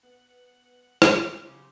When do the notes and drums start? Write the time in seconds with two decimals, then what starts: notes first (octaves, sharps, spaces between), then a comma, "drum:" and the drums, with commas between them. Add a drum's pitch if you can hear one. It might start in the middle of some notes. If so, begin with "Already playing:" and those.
0.03 B3 F#5
1.02 drum: rim click
1.45 C#3 F#3 C4 G4